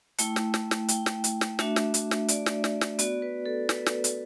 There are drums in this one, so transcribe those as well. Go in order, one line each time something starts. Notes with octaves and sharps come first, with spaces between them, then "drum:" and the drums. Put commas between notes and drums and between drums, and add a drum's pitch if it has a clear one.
A3 E4 G5, drum: hi-hat
drum: snare
drum: snare
drum: snare
G5, drum: hi-hat
drum: snare
drum: hi-hat
drum: snare
A3 D4 F#4 E5, drum: snare
drum: snare
drum: hi-hat
drum: snare
D5, drum: hi-hat
drum: snare
drum: snare
drum: snare
B3 F#4 D5, drum: hi-hat
B4
A4
B4, drum: snare
drum: snare
drum: hi-hat